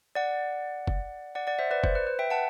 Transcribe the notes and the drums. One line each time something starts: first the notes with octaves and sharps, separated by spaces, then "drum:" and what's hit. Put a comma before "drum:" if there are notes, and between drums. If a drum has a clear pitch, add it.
D5 F#5
drum: kick
D5 F#5
D5 F#5
C5 E5
B4 D5
C5, drum: kick
B4
B4
E5 G5
F#5 A5